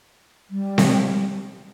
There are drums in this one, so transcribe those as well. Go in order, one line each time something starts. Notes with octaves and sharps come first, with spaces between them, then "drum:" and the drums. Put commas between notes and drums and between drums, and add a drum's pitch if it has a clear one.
G3
drum: snare C4